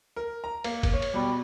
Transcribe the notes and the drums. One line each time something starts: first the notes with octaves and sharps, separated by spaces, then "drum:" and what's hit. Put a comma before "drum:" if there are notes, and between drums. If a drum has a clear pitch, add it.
A#4
A#5
A#3, drum: cymbal
drum: kick, cymbal
C#5
drum: cymbal
B2 G3